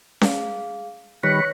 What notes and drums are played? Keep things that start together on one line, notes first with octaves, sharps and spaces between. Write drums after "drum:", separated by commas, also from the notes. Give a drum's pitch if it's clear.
G#4 F5, drum: snare C#4
D#3 G3 B4 C#5 B5 C#6 F#6 A#6